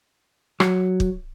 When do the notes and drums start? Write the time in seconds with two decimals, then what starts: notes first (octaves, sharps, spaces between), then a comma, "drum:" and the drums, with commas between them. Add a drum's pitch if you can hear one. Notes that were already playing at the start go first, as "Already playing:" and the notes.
0.60 F#3, drum: rim click
1.00 drum: kick